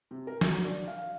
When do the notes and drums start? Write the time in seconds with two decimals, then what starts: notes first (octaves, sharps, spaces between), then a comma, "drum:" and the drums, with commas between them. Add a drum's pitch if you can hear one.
0.11 C3
0.27 A#4
0.41 F#3, drum: snare
0.64 D4
0.88 F5